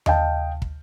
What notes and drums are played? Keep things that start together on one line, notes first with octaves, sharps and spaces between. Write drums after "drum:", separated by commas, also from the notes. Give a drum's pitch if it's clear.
D#5 F5 G5 A5, drum: tom D#2
drum: kick